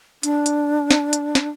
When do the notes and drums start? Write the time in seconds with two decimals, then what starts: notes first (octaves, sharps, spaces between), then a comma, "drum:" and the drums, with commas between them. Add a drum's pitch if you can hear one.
0.23 D4, drum: hi-hat
0.46 drum: hi-hat
0.91 drum: snare
1.13 drum: hi-hat
1.35 drum: snare